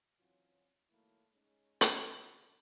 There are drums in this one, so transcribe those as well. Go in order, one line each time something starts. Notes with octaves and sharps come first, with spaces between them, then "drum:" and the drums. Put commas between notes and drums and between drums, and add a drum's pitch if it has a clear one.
E3 F#3 C4 C#4 F4 F#4
D#3 F#3 A3 A#3 E4
G#3 C#4 D#4
drum: hi-hat
G#1 B2 B3 C#4 D4 F4